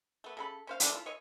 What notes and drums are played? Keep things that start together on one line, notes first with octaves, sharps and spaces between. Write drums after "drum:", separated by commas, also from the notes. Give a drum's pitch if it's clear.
A3 B3
C#3 A4 B5
C#4 C5 F5
C#3 E3 A3 D4, drum: hi-hat
E4 F4
C#5 D#5 C#6